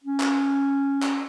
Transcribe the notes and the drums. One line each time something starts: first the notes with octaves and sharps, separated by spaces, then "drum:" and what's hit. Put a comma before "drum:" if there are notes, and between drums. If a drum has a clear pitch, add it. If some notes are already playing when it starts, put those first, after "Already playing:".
C#4
drum: clap
drum: clap